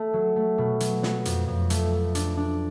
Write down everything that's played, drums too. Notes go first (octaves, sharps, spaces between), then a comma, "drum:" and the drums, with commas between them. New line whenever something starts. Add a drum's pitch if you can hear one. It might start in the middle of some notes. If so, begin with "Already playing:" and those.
Already playing: A3
F#3
A3
B2
F#3, drum: hi-hat
F#3, drum: snare
F2, drum: hi-hat
F2
A3, drum: hi-hat
A3
D4, drum: hi-hat
D4